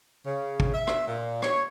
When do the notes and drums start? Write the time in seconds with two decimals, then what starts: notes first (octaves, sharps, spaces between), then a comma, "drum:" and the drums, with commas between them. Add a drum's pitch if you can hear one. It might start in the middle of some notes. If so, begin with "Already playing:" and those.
0.24 C#3
0.60 drum: kick
0.74 E5
0.87 drum: rim click
1.07 A#2
1.42 C#5, drum: rim click